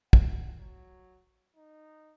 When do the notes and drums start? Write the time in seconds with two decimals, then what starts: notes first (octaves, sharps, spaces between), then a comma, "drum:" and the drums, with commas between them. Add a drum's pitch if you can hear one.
0.13 F#5, drum: kick
0.58 F#3
1.56 D#4